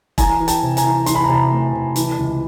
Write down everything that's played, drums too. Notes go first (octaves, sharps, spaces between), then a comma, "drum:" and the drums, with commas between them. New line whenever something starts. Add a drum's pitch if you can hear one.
E3 G#5 A#5, drum: kick E1, hi-hat
E3
G5 A5, drum: hi-hat
C3
G#5 A#5, drum: hi-hat
E3
E3 C6, drum: hi-hat
B5
A#5
C3 A5 B5
A3
C3
E3, drum: hi-hat
C#2